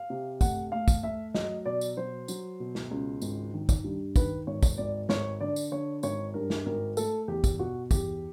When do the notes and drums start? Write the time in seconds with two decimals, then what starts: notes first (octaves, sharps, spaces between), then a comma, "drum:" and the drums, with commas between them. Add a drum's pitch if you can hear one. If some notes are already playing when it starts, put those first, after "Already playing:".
Already playing: F5
0.10 C3
0.41 A3 F#5, drum: kick, tambourine
0.72 A3 F5
0.88 drum: kick, tambourine
1.03 A3 E5
1.34 F#3 D#5, drum: snare
1.65 B2 D5
1.81 drum: tambourine
1.97 F#3 C5
2.28 F#3, drum: tambourine
2.60 B2
2.75 drum: snare
2.91 C#2
3.22 G#1, drum: tambourine
3.54 D#3
3.69 drum: kick, tambourine
3.84 G2
4.16 D#3 B4, drum: kick, tambourine
4.47 G#1 C#5
4.63 drum: kick, tambourine
4.78 G#1 D5
5.09 G#1 C#5, drum: snare
5.40 D3 D5
5.56 drum: tambourine
5.71 D3 C#5
6.03 G#1 C#5, drum: tambourine
6.34 G2 A#4
6.50 drum: snare
6.66 G#1 A#4
6.97 A3 A4, drum: tambourine
7.28 E2 G4
7.44 drum: kick, tambourine
7.59 B2 F#4
7.91 E2 G4, drum: kick, tambourine